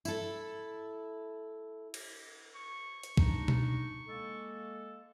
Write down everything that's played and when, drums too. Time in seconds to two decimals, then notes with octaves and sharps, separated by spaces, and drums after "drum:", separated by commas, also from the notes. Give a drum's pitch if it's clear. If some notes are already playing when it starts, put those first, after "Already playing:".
0.05 E4 A4, drum: tambourine
1.94 drum: cymbal
2.55 C#6
3.03 drum: hi-hat
3.17 D4 D#4, drum: kick
3.48 drum: tom B2
4.08 G#3 A#3 A4